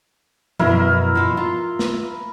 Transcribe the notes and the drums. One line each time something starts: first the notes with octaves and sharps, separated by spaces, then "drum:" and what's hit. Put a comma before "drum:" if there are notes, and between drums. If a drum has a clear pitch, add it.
F#2 B2 B3 E4 A#4, drum: tom F3
B2 F3
F4
drum: snare